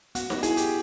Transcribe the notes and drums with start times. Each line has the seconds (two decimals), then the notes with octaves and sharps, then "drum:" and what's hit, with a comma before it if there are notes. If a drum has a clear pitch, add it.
0.15 B3 F#4, drum: hi-hat
0.30 F#4, drum: snare D#4
0.43 E4 G#4, drum: hi-hat
0.57 G4, drum: hi-hat